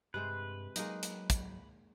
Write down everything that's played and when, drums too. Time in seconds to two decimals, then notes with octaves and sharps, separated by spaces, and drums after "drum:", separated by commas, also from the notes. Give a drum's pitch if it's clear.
0.14 G2 C3 G#3 B4 C5
0.76 F#3 G#3 A#3 D#4, drum: hi-hat
1.03 drum: hi-hat
1.30 drum: kick, hi-hat